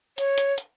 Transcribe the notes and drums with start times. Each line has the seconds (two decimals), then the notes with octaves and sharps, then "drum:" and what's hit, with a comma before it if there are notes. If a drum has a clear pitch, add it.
0.18 C#5, drum: hi-hat
0.38 drum: hi-hat
0.58 drum: hi-hat